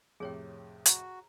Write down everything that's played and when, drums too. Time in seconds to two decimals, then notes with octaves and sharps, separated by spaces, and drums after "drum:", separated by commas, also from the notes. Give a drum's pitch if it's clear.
0.20 F2 A2 C3 G#4 C#5 G5
0.86 F#4 A#5, drum: hi-hat